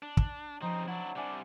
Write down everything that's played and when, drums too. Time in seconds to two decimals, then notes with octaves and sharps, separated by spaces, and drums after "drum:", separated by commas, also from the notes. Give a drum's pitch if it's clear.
0.02 D4
0.17 drum: kick
0.62 C#3 F3 C4 D#4
0.88 F#3 D4 E4 F#5
1.16 C3 G3 D4 E5 G#5